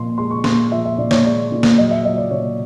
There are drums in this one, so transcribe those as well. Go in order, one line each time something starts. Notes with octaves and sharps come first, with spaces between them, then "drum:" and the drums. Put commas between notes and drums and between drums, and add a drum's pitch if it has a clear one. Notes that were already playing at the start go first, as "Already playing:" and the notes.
Already playing: A#2 F3 C6
G#3 C6
C#6
A#2 C6, drum: snare
F3 E5
E5
A#2 D5
C#5, drum: snare
G#3 D5
A#2
drum: snare
F#3 D#5
E5
F#3 D#5
D5
A#2 C#5